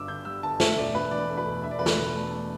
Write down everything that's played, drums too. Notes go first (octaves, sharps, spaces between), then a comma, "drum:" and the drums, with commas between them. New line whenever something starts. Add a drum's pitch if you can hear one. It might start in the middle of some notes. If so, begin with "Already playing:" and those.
Already playing: G1 G2 G3 D6 E6
D3 G6
G3 E6
G1 A5
A3 E5, drum: snare
E1 D5
E2 B4
E3 D5
A3
B4
E1
D4 E5
D5
E2 B4
D5, drum: snare
B2
A3
D4